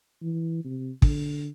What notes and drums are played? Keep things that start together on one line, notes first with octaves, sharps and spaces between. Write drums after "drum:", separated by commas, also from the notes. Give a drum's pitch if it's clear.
E3
C3
D3, drum: kick